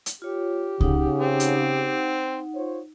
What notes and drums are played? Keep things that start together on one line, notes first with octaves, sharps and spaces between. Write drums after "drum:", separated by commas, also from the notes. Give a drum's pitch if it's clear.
drum: hi-hat
F4 G4 C#5
C#3 D#4 F#5, drum: kick C#2
C4
drum: hi-hat
F4 C5 C#5